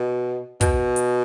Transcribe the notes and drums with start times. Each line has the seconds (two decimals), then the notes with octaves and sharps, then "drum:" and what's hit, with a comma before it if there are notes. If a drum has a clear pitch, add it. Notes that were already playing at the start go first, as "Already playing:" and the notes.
Already playing: B2
0.61 B2, drum: kick, hi-hat
0.96 drum: hi-hat